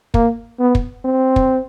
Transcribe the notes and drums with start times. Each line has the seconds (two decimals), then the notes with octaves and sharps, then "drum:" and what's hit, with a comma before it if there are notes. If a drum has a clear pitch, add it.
0.14 A#3, drum: kick
0.60 B3
0.75 drum: kick
1.05 C4
1.36 drum: kick